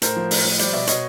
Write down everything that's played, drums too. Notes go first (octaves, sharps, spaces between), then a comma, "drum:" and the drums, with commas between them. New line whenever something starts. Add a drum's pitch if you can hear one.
A2 A#4 C5, drum: hi-hat
F3
A2, drum: open hi-hat
F3
G3 C5 D5, drum: hi-hat
B2 D5 E5
B2 C#5 D#5, drum: hi-hat